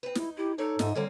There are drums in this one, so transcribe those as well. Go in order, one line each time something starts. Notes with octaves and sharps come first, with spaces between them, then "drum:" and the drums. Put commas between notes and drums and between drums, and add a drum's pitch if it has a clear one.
C4 B4
D#4 E4, drum: snare
E4 G4
D#4 A4 C#5 D5
G#2 D#5 E5, drum: snare
D3 G3 A#3 C4 C#4